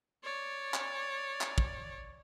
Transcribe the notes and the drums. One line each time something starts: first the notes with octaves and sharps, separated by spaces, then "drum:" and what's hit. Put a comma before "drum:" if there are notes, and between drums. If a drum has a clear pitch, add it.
C#5 D5
drum: clap
drum: clap
drum: kick